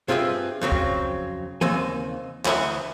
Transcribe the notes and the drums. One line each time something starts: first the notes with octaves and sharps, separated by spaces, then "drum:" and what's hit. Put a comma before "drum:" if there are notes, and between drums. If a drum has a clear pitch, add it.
G2 C4 F4 G#4 D#5 E5
F2 C#3 F#3 C4
drum: kick
D#2 C#3 C4 G#5, drum: tom E3
D2 E3 D#5 E5 F#5, drum: clap